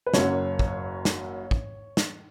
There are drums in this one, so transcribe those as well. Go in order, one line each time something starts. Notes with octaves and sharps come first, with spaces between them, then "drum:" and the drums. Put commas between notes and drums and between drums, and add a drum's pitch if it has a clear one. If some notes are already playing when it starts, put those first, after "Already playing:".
B4
F#1 F#2 F#3 C#5, drum: snare
drum: kick
drum: snare
drum: kick
drum: snare